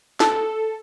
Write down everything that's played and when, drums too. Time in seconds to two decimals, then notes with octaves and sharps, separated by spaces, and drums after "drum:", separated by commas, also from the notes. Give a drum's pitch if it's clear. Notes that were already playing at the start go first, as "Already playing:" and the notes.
0.20 A4, drum: snare